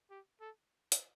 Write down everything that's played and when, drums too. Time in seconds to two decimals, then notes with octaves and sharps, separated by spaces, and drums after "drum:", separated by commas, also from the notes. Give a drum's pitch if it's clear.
0.10 G4
0.40 A4
0.92 drum: hi-hat